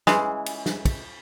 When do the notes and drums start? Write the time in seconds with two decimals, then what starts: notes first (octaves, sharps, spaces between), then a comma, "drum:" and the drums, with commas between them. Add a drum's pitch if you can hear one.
0.07 C#3 E3 G#3, drum: snare
0.46 drum: cymbal
0.66 drum: snare
0.85 drum: kick, cymbal